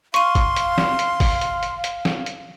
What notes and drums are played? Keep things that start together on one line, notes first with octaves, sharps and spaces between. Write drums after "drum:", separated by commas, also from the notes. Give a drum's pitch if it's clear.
F5 C6 C#6 D#7, drum: hi-hat
drum: kick, hi-hat
drum: hi-hat
drum: snare
drum: hi-hat
drum: kick, open hi-hat
drum: hi-hat
drum: hi-hat
drum: hi-hat
drum: snare
drum: hi-hat